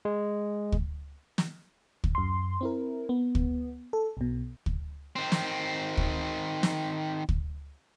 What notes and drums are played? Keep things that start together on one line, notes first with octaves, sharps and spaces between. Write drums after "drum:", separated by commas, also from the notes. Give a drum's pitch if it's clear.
G#3
drum: kick
drum: snare
drum: kick
F#2 C6
C4 E4 A#4
B3
drum: kick
A4
B1 B2
drum: kick
D#3 C4
drum: snare
drum: kick
drum: snare
drum: kick